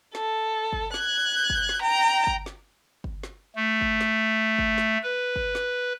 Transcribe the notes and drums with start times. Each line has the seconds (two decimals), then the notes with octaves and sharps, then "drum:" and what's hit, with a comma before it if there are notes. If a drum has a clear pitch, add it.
0.15 A4, drum: snare
0.73 drum: kick G1
0.94 F#6 G#6, drum: snare
1.50 drum: kick G1
1.69 drum: snare
1.82 G5 A#5
2.27 drum: kick G1
2.46 drum: snare
3.04 drum: kick G1
3.23 drum: snare
3.56 A3
3.81 drum: kick G1
4.01 drum: snare
4.59 drum: kick G1
4.78 drum: snare
5.03 B4
5.36 drum: kick G1
5.55 drum: snare